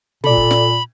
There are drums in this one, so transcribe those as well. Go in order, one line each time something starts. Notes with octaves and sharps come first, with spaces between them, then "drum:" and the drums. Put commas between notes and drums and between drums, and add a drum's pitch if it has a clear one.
A#2 A4 D5 B5, drum: tom
drum: kick
drum: snare